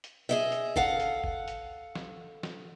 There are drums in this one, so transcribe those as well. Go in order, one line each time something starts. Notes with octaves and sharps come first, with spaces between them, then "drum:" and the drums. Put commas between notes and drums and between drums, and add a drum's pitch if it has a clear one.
drum: hi-hat
G#4 D#5 E5
drum: hi-hat
A4 F5 F#5, drum: kick G1
drum: hi-hat
drum: kick G1
drum: hi-hat
drum: snare
drum: snare